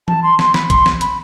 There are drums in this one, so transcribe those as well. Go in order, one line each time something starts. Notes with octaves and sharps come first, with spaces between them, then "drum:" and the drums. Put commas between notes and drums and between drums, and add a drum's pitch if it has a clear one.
A5, drum: tom E3
C6
C6, drum: snare
B5, drum: snare
C6, drum: kick A#1, hi-hat
drum: snare
B5, drum: hi-hat